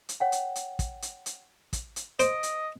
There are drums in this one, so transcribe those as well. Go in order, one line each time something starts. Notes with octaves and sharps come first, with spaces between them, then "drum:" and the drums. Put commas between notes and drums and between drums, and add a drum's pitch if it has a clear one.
drum: hi-hat
C#5 F#5 G5
drum: hi-hat
drum: hi-hat
drum: kick, hi-hat
drum: hi-hat
drum: hi-hat
drum: kick, hi-hat
drum: hi-hat
C5 D#5 D7, drum: hi-hat
drum: hi-hat